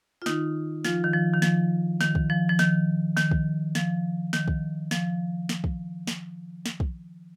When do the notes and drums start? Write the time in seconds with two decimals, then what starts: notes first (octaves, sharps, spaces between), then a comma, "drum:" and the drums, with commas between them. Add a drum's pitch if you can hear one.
0.22 F4
0.26 D#3 D#4, drum: snare
0.84 F3 F4, drum: snare
1.04 D#3
1.13 F3
1.34 D#3
1.42 F3, drum: snare
2.01 D#3, drum: snare
2.15 drum: kick
2.30 F3
2.49 F3
2.59 D#3, drum: snare
3.17 D#3, drum: snare
3.31 drum: kick
3.75 F3, drum: snare
4.33 D#3, drum: snare
4.48 drum: kick
4.91 F3, drum: snare
5.49 drum: snare
5.64 drum: kick
6.07 drum: snare
6.66 drum: snare
6.80 drum: kick